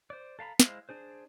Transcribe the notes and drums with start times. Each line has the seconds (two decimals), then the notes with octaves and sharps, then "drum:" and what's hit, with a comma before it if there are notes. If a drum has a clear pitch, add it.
0.10 C5 D5
0.39 A4 F5 A#5 B5
0.60 G#3 E4 C5 F5, drum: snare
0.89 D4 G#4 C5